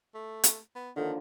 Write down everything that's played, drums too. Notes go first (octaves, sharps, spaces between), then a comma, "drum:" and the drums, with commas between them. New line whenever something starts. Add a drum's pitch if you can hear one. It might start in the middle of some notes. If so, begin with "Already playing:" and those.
A3
drum: hi-hat
B3
D3 D#3 F3 A#3